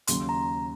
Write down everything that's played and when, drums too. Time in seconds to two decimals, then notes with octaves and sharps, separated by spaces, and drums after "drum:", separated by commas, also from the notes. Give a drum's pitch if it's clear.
0.07 D#2 C#3 F#3 C6, drum: hi-hat
0.29 A#5